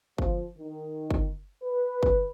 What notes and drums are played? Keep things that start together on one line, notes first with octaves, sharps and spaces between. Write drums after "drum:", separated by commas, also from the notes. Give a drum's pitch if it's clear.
F3, drum: kick G1
D#3
drum: kick G1
B4
drum: kick G1